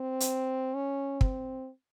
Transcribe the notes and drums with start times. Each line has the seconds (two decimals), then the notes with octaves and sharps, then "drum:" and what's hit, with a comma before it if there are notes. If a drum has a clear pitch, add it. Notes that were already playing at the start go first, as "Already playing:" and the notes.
Already playing: C4
0.20 drum: hi-hat
0.75 C#4
1.21 C4, drum: kick